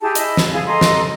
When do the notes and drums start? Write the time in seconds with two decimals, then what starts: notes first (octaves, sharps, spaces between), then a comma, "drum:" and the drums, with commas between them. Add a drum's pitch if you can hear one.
0.01 E4 G4 G#4 A5
0.15 E4 D#5, drum: hi-hat
0.37 drum: snare
0.52 E4 G#4 F5 G#5
0.67 A4 D#5 A#5 C6
0.81 drum: snare